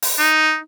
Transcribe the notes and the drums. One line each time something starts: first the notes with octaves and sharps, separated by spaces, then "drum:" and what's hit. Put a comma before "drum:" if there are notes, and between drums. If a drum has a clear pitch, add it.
drum: open hi-hat
D#4